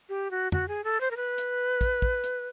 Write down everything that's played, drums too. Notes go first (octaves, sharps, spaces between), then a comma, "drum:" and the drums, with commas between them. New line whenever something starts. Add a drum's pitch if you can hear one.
G4
F#4
F#4, drum: tom
G#4
A4
C5
A#4
B4
drum: hi-hat
drum: kick, hi-hat
drum: kick
drum: hi-hat